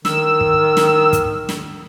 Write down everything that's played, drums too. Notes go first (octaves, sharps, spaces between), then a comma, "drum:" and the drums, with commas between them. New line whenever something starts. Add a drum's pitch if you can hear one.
D#3 E6, drum: snare
drum: kick
drum: snare
drum: kick, hi-hat
drum: snare